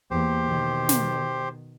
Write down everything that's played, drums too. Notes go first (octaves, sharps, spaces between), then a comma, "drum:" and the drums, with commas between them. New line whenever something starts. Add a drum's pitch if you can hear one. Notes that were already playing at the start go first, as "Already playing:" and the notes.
E2 A#3 G4 C5
B2 D#3
drum: snare